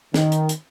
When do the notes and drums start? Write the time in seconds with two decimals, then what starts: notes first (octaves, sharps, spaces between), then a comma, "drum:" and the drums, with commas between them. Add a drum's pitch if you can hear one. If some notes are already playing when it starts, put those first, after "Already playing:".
0.14 D#3, drum: snare
0.32 drum: hi-hat
0.49 drum: hi-hat